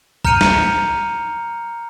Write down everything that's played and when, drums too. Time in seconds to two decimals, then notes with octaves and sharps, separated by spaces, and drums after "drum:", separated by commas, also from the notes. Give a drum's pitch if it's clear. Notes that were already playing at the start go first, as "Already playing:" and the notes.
0.25 A#5 F6 G6 C#7 D#7 F7, drum: kick
0.41 drum: snare